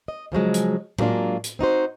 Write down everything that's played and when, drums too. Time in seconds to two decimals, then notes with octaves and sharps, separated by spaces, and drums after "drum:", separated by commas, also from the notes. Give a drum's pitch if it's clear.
0.08 D#5
0.32 C#3 F3 F#3 G#3
0.54 drum: hi-hat
0.98 F#3 G#3 A#3 C4 D4 F4, drum: tom A2
1.44 drum: hi-hat
1.59 C4 D#4 F#4 C5